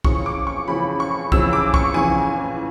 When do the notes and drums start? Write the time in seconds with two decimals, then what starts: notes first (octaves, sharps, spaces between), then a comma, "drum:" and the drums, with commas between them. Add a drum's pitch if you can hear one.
0.04 F2 C#3 E3 C#6, drum: kick
0.26 D6
0.47 C#6
0.68 F2 C#3 E3 B5
1.00 C#6
1.32 F2 C#3 E3 E6, drum: kick
1.53 D6
1.74 C#6, drum: kick
1.94 F2 C#3 E3 G#5